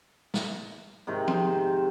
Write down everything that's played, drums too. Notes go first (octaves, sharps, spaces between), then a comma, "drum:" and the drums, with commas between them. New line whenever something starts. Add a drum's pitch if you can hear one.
drum: snare
G#2 C3 D#3
C5, drum: tom F3